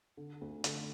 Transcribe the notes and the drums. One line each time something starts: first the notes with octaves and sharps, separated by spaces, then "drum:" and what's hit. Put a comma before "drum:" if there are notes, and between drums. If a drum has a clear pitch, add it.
D3
D2
D3, drum: hi-hat